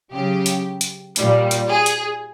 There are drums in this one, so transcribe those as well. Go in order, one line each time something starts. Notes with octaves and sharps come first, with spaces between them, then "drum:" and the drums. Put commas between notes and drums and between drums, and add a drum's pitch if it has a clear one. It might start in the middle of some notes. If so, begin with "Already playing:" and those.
C#3 F#3 G4
drum: hi-hat
drum: hi-hat
A#2 G3, drum: hi-hat
drum: hi-hat
G#4
drum: hi-hat